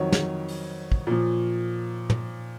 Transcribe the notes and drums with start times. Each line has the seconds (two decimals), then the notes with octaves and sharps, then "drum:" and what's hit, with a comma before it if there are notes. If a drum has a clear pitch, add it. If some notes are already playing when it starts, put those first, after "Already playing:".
Already playing: F2 D#3 F#3 C#5
0.12 drum: snare
0.48 drum: open hi-hat
0.92 drum: kick
1.07 A#2 F3
2.10 drum: tom